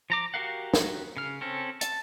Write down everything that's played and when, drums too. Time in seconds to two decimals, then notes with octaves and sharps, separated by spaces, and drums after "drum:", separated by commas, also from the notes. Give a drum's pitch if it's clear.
0.10 F3 A#5 D6
0.34 F#4 G4 A#4 F5 F#5
0.74 drum: snare
1.16 C#3 F6
1.41 C4 C#4 A4
1.81 A5, drum: hi-hat